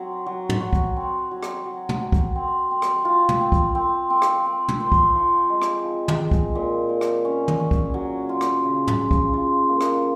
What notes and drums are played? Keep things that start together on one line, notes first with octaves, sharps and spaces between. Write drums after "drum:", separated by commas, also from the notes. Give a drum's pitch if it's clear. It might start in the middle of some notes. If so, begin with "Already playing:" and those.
Already playing: F#3 C4
F#3
drum: tom
F#4
drum: kick
C4
F#3
drum: rim click
F#3
drum: tom
F#3
drum: kick
C4
C4
drum: rim click
F4
drum: tom
C4
drum: kick
C4
C4
drum: rim click
C4
drum: tom
C5
drum: kick
F3
G#3
drum: rim click
F3
drum: tom
G#3
drum: kick
A#2
A#2
drum: rim click
C#4
drum: tom
C#4
drum: kick
F#3
F4
drum: rim click
C#3
drum: tom
F4
drum: kick
F4
A#3
drum: rim click